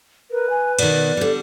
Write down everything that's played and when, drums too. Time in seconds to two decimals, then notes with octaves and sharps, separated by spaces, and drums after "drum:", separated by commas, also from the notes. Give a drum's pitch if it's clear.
0.31 A#4 B4
0.50 G#5
0.79 B2 D#3 D5, drum: cymbal
1.17 D3 G3